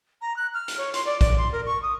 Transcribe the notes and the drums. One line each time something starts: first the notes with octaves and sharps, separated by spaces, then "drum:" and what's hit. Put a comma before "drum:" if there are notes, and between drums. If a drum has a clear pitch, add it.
A#5
F#6
F6
drum: hi-hat
C#5
C6, drum: hi-hat
D5
D5, drum: kick, hi-hat
C6
A#4
C#6
D#6